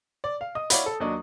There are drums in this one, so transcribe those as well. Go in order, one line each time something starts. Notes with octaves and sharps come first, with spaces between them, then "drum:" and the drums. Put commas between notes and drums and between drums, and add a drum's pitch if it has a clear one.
D5
F5
D#5 D#6
E4 C#5 D5 F5 F#5 B5, drum: hi-hat
A4
D#2 F#3 D4 D#5